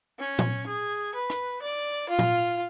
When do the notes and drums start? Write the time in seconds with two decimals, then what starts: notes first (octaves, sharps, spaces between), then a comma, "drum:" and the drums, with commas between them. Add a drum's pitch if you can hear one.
0.20 C#4
0.39 drum: tom A#2
0.67 G#4
1.15 B4
1.30 drum: rim click
1.62 D5
2.10 F4
2.19 drum: tom A#2